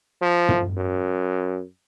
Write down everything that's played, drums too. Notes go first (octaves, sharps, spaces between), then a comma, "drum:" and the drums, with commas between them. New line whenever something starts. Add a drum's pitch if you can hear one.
F3
drum: tom
F#2